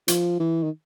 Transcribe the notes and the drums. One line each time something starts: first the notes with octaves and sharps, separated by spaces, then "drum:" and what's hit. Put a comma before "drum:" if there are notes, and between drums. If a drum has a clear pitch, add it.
F3, drum: hi-hat
E3
D#3